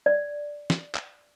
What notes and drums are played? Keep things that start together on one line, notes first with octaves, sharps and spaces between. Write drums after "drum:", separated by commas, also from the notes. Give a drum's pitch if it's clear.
D5
drum: snare
drum: clap